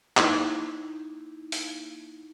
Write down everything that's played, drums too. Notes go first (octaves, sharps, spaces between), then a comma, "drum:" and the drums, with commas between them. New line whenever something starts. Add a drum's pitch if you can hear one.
A#3 D#4 E4, drum: clap
drum: open hi-hat